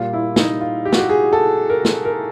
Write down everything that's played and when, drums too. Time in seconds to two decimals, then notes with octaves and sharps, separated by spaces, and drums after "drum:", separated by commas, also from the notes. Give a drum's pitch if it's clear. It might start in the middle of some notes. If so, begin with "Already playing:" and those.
Already playing: A#2 G3 F4
0.13 E4
0.36 D#4, drum: snare
0.61 F4
0.85 G4
0.92 F#4, drum: snare
0.99 G4
1.09 G#4
1.33 A4
1.70 A#4
1.85 drum: snare
2.05 A#4